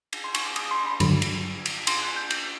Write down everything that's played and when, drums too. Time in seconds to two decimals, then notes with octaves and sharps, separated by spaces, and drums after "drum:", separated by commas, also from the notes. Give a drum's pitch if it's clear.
0.13 drum: cymbal
0.24 C6
0.34 C#6, drum: cymbal
0.46 D6
0.56 D#6, drum: cymbal
0.71 C6
0.86 B5
1.00 G2 D3 F#3 B5, drum: cymbal
1.22 drum: cymbal
1.66 drum: cymbal
1.87 C6, drum: cymbal
2.02 F#6
2.16 G6
2.30 G6, drum: cymbal